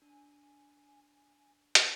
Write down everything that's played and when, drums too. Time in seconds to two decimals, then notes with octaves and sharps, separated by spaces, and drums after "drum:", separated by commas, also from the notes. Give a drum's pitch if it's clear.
0.02 D4 G#5
1.75 drum: hi-hat